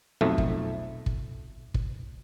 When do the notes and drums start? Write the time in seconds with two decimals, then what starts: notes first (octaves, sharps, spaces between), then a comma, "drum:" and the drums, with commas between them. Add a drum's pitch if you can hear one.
0.21 B1 F2 A3
0.38 drum: kick
1.06 drum: kick
1.74 drum: kick